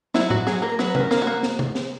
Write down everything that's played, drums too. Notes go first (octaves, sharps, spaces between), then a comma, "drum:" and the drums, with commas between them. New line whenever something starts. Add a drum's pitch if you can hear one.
F#3 E4, drum: snare
F#3 F#4, drum: tom A2
F#3 G#4, drum: snare
A#3 A#4
F#3 B4, drum: snare
C#4, drum: tom
A#4
A#3, drum: snare
F#4
A#3
drum: snare
drum: tom
drum: snare